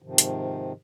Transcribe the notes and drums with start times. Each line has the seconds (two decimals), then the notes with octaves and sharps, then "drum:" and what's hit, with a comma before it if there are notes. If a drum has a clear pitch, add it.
0.02 G#2 C3 D#3 F3
0.18 drum: hi-hat